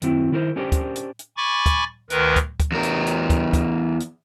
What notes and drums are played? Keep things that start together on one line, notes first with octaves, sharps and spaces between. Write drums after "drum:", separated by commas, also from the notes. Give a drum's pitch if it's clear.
F#2 D#3 F#3 C4 E4, drum: hi-hat
D#3 E4 F4 A#4 C5
C#4 D4 G4 G#4 A#4 C5
drum: kick, hi-hat
drum: hi-hat
drum: hi-hat
G#5 B5 C#6 D6 A6
drum: kick, hi-hat
D2 D#3 A#4 B4, drum: hi-hat
drum: kick, hi-hat
drum: kick, hi-hat
E2 A#4
drum: hi-hat
drum: hi-hat
drum: kick, hi-hat
drum: kick, hi-hat
drum: hi-hat